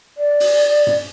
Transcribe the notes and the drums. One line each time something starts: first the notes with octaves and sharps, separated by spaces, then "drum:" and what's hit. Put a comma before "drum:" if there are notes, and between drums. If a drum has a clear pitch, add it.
D5
drum: open hi-hat
drum: tom G2